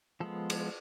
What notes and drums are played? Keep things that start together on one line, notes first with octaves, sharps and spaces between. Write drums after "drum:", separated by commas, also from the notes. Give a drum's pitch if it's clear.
F3 G#3 B3 A4
drum: cymbal